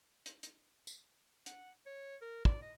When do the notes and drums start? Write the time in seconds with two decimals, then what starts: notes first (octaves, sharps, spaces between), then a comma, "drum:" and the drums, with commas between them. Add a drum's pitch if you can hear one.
0.26 drum: hi-hat
0.43 drum: hi-hat
0.87 drum: tambourine
1.46 F#5, drum: hi-hat
1.86 C#5
2.22 A#4
2.45 D5, drum: kick
2.62 D#5